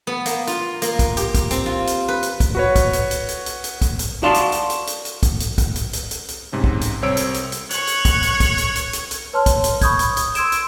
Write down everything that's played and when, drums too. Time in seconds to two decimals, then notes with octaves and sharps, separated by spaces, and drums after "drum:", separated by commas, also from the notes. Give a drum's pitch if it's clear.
0.07 B3
0.26 A#3, drum: hi-hat
0.47 F4, drum: hi-hat
0.82 A#3, drum: hi-hat
0.99 drum: kick, hi-hat
1.17 G4, drum: hi-hat
1.34 drum: kick, hi-hat
1.51 C4, drum: hi-hat
1.66 F4
1.87 drum: hi-hat
2.08 B4
2.23 drum: hi-hat
2.40 drum: kick, hi-hat
2.55 F#4 B4 C#5
2.76 drum: kick, hi-hat
2.93 drum: hi-hat
3.11 drum: hi-hat
3.29 drum: hi-hat
3.46 drum: hi-hat
3.64 drum: hi-hat
3.81 drum: kick, hi-hat
3.99 drum: hi-hat
4.23 F#4 D5 F5 A5 C6
4.34 drum: hi-hat
4.52 drum: hi-hat
4.70 drum: hi-hat
4.87 drum: hi-hat
5.05 drum: hi-hat
5.23 drum: kick, hi-hat
5.40 drum: hi-hat
5.58 drum: kick, hi-hat
5.76 drum: hi-hat
5.93 drum: hi-hat
6.11 drum: hi-hat
6.28 drum: hi-hat
6.52 G#2 C3 C#4
6.64 drum: kick
6.81 drum: hi-hat
7.02 C2 C4 C#5 E6 D7
7.17 drum: hi-hat
7.34 drum: hi-hat
7.52 drum: hi-hat
7.70 C#5 C#6 F#6, drum: hi-hat
7.87 drum: hi-hat
8.05 drum: kick, hi-hat
8.23 drum: hi-hat
8.40 drum: kick, hi-hat
8.58 drum: hi-hat
8.76 drum: hi-hat
8.93 drum: hi-hat
9.11 drum: hi-hat
9.33 B4 C#5 A5 C6 F6
9.46 drum: kick, hi-hat
9.64 drum: hi-hat
9.81 B5 C#6 D#6 G6 G#6, drum: kick, hi-hat
9.99 drum: hi-hat
10.17 drum: hi-hat
10.35 C6 E6 G#6 D7 E7, drum: hi-hat
10.52 drum: hi-hat